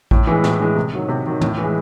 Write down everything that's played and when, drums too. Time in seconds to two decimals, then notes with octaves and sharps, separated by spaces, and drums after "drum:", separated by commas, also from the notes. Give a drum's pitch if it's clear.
0.11 A2, drum: kick
0.27 E3 G#3
0.44 A2, drum: snare
0.60 E3 G#3
0.76 C3
0.93 D#3 F#3
1.08 C3
1.26 D#3 F#3
1.41 A2, drum: tom
1.58 E3 G#3